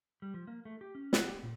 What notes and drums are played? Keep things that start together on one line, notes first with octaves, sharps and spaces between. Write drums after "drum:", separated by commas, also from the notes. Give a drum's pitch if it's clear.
G3
F3
A#3
A3
G4
C#4
F#5, drum: snare
G4
A#2